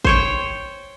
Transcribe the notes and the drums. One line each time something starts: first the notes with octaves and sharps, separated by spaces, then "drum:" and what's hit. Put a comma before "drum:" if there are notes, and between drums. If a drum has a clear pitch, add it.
C5 C#5 G5, drum: kick G#1